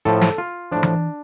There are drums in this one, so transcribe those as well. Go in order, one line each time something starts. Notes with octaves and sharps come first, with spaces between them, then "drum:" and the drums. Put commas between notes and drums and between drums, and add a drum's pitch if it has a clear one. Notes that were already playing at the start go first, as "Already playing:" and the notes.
A2 F3 A4
drum: snare
F4
A2 F3 D4
drum: tom E3